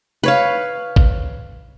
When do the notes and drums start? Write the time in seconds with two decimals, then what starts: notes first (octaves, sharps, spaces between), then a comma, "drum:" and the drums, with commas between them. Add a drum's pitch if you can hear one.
0.23 B4 C#5 F5
0.96 drum: kick G#1